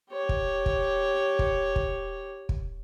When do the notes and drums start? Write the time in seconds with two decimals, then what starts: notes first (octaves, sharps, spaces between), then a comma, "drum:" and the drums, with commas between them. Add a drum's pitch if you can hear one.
0.11 G4 C#5
0.29 drum: kick
0.66 drum: kick
1.39 drum: kick
1.76 drum: kick
2.49 drum: kick